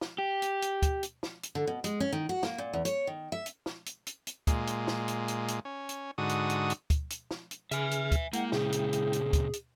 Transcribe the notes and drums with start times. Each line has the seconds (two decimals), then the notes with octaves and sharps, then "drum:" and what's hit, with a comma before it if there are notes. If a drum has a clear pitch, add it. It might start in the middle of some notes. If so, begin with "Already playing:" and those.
0.01 drum: snare
0.18 G4
0.42 drum: hi-hat
0.62 drum: hi-hat
0.82 drum: kick, hi-hat
1.03 drum: hi-hat
1.23 drum: snare
1.43 drum: hi-hat
1.55 D3
1.67 B2
1.84 G#3, drum: hi-hat
2.00 C#4
2.13 D#3
2.29 F#4
2.43 A#3, drum: snare
2.58 A#2
2.73 E2
2.85 C#5, drum: hi-hat
3.07 D#3
3.32 E5
3.46 drum: hi-hat
3.66 drum: snare
3.86 drum: hi-hat
4.07 drum: hi-hat
4.27 drum: hi-hat
4.47 A#2 G#3, drum: kick, hi-hat
4.67 drum: hi-hat
4.88 drum: snare
5.08 drum: hi-hat
5.28 drum: hi-hat
5.48 drum: hi-hat
5.65 C#4
5.89 drum: hi-hat
6.18 G#2 D3 F#4 D#6
6.29 drum: hi-hat
6.50 drum: hi-hat
6.70 drum: hi-hat
6.90 drum: kick, hi-hat
7.10 drum: hi-hat
7.31 drum: snare
7.51 drum: hi-hat
7.71 C#3 G#4 E5 G#5 F6, drum: hi-hat
7.91 drum: hi-hat
8.12 drum: kick, hi-hat
8.33 G#3 A#3 E4 F#5 G5, drum: hi-hat
8.52 A#2 C#3 G#4, drum: snare
8.72 drum: hi-hat
8.93 drum: hi-hat
9.13 drum: hi-hat
9.33 drum: kick, hi-hat
9.53 drum: hi-hat